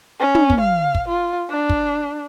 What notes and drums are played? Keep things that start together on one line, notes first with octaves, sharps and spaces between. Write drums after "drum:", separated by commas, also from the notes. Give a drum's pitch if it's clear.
C#4
drum: tom
drum: kick
F5
drum: kick
F4
D4
drum: kick